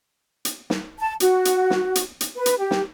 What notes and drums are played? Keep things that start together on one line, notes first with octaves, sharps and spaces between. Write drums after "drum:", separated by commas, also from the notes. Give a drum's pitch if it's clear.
drum: hi-hat
drum: snare
A5
F#4, drum: hi-hat
drum: hi-hat
drum: snare
drum: hi-hat
drum: hi-hat
B4
drum: hi-hat
G4
drum: snare